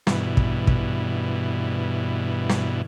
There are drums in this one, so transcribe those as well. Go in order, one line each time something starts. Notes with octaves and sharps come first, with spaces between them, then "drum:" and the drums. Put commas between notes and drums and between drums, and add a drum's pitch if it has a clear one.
G2 B2 E3, drum: snare
drum: kick
drum: kick
drum: snare